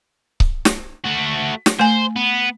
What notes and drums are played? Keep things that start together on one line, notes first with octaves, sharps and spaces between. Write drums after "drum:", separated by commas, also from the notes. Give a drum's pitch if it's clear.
drum: kick C#1
drum: snare
A3 F#4
drum: snare
A3 C5 G#5
B3